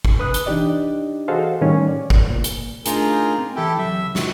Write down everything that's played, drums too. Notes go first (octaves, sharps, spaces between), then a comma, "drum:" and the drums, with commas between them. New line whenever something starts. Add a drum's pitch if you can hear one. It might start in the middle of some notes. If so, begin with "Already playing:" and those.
drum: kick
B4 D#6 F#6
drum: hi-hat
E3 D4 D#4 G4 D5 D#5
F#4 G#4 A4 C5 D#5 F5
A2 D#3 G3 C#4
D5
drum: kick
A#2
drum: hi-hat
A3 D4 D#4 F4 G#4 A#4, drum: hi-hat
C4
E3 E4 G4 A4 G5
C#2 F#3 E5
G#3 F4 C#6, drum: snare